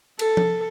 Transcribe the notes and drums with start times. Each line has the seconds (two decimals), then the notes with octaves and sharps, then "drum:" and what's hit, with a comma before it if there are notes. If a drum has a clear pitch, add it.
0.19 A4, drum: cymbal
0.37 drum: tom F3